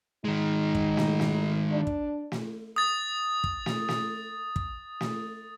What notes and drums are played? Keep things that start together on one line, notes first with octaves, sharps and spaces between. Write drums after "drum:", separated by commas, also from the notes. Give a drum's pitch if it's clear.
D#3 G#3 D#4
drum: kick
drum: snare
drum: snare
D4
drum: kick
drum: snare
D#6 A6
drum: kick
drum: snare
drum: snare
drum: kick
drum: snare